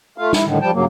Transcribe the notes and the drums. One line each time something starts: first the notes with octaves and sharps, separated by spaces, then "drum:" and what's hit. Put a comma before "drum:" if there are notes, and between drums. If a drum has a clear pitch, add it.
A3 F4 F5
E4, drum: snare
A2 D3 D#3
F3 G3 G5 A5
G2 C#3 F#3 A#3